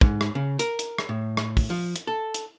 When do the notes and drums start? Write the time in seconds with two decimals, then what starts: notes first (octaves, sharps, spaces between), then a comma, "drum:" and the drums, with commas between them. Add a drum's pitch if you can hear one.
0.01 G#2, drum: kick
0.21 drum: rim click
0.35 C#3
0.59 A#4, drum: hi-hat
0.79 drum: hi-hat
0.98 drum: rim click
1.09 A2
1.37 drum: rim click
1.57 drum: kick, open hi-hat
1.70 F3
1.96 drum: hi-hat
2.07 A4
2.34 drum: hi-hat